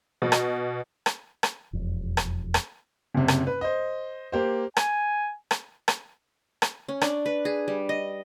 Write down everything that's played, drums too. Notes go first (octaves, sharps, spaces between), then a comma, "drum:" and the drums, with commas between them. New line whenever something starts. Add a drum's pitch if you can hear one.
B2
drum: rim click
drum: rim click
drum: rim click
E1 F2
drum: rim click
drum: rim click
F#1 C3
drum: rim click
B4
C5 D#5
A#3 G4 C5
G#5, drum: rim click
drum: rim click
drum: rim click
drum: rim click
C#4
D4, drum: rim click
B4
G#4
G3
D#5